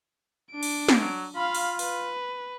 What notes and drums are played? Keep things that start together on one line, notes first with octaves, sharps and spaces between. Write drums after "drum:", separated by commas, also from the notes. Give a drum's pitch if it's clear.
D4 D7
drum: cymbal
drum: snare
F#3
F4 F5 B5
drum: open hi-hat
B4, drum: open hi-hat